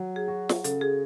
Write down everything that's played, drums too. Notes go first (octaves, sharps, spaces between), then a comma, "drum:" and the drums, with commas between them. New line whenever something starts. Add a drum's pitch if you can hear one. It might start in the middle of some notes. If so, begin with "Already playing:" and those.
Already playing: F#3
G#4
F#4
drum: snare
C#3 A4, drum: hi-hat
G#4